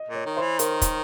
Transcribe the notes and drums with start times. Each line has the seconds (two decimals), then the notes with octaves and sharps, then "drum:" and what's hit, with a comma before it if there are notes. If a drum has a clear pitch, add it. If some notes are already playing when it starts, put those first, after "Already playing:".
Already playing: D#5
0.09 A#2
0.15 C#5
0.26 D#3
0.37 C5
0.42 E3
0.59 D#3 A#4, drum: hi-hat
0.82 drum: kick, hi-hat